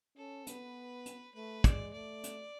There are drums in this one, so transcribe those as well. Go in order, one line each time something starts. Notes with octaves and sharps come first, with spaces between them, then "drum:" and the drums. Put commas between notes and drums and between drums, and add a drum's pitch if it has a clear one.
C#4 A4
B3 B4, drum: hi-hat
drum: hi-hat
A3 B4
G#3 D5, drum: kick, hi-hat
A3 D5
drum: hi-hat